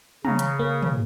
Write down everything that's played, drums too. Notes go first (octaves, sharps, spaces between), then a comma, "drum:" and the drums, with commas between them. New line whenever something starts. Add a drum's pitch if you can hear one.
C#3 A#5, drum: tom
drum: hi-hat
A#3
drum: tom